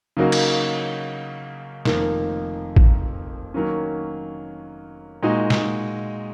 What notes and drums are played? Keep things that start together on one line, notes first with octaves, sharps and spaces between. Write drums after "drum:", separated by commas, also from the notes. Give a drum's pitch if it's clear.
C#3 F#3 A#3 D#4 F#4
drum: cymbal
F1 F2 D#3 A#3, drum: snare
drum: kick A1
D#3 F#3 A#3 C#4
A#2 G#3 D#4 F#4
drum: snare